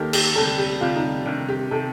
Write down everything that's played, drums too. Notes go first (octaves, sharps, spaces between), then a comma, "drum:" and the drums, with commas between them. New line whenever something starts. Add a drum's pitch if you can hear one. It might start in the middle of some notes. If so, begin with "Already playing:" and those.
Already playing: D#2 D#3 A#3 D#4 G4 A4
G4, drum: cymbal
D2 C3 G3 A4
G4
D2 C3 G3 F4
D#4
C2 C3 D#3 D4
G4
C3 D#3 A4